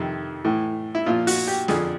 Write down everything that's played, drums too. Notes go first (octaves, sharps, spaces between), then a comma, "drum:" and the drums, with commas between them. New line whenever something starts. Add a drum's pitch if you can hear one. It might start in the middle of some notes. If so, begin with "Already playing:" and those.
Already playing: F2 C3 D#3
A2 E3
E4
A#2 F3 F4
F#4, drum: open hi-hat
G4
F2 D3 F3 G#4, drum: snare